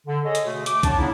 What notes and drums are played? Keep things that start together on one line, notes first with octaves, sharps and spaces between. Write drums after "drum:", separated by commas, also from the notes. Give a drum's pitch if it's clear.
D3
G#4 A4 C#5 D#5
drum: hi-hat
B2 A3
D6, drum: hi-hat
E2 D4 C#5 A5, drum: kick B1, hi-hat
C#3 F#3 B3 D#4 E4